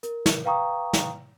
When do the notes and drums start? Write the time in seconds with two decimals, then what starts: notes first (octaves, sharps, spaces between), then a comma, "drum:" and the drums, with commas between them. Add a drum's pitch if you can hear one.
0.03 A#4, drum: hi-hat
0.26 drum: snare
0.45 B4 F5 G5 A#5 C#6 D#6
0.93 drum: snare